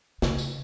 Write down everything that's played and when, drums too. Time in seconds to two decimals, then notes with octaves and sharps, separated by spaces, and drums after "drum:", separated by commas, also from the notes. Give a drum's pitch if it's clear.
0.22 C#3, drum: snare
0.38 drum: tambourine